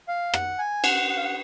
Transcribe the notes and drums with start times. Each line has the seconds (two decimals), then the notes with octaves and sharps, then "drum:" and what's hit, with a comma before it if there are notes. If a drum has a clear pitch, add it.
0.08 F5
0.34 F#5, drum: rim click
0.59 G#5
0.84 F#5, drum: cymbal
1.10 F#5
1.17 F5
1.24 F#5